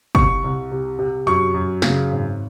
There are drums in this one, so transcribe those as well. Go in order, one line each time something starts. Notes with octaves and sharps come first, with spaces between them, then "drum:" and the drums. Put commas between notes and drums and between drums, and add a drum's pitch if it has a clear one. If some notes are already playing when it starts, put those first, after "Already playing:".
C2 C#6, drum: kick
C2
C3
C3
F#2 C#6
F#2
C#3, drum: snare
G#1